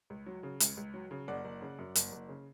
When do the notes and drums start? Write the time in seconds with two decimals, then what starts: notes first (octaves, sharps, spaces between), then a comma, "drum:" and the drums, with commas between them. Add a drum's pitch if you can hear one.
0.10 C#2
0.26 F#3
0.43 C#3
0.60 C#2, drum: hi-hat
0.77 C#2
0.94 F#3
1.11 C#3
1.28 F#1 D5 F#5
1.45 F#1
1.62 C#3
1.79 F#2
1.95 F#1, drum: hi-hat
2.12 F#1
2.29 C#3